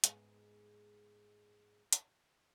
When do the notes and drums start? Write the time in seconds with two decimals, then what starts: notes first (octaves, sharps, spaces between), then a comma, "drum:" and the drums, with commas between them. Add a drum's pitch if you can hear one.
0.04 G#2 G#3 B3 G#4, drum: hi-hat
1.93 drum: hi-hat